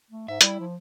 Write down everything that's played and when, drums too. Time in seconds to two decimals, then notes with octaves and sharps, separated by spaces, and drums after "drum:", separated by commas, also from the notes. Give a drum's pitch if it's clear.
0.10 A3
0.28 G#2 E5
0.41 G3 E4, drum: hi-hat
0.60 F3